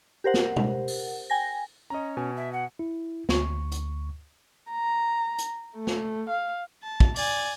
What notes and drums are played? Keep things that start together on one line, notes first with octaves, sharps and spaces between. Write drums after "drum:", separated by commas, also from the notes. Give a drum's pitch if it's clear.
G4 A#4 C5 F#5
drum: snare
drum: tom
drum: open hi-hat
G5 G#5 A#6
C#4 D#5 A#5
B2 G#5
E5
F#5
E4
D2 C#6, drum: snare
drum: hi-hat
A#5
drum: hi-hat
A3
drum: snare
F5
A5
drum: kick
D5 G#5, drum: open hi-hat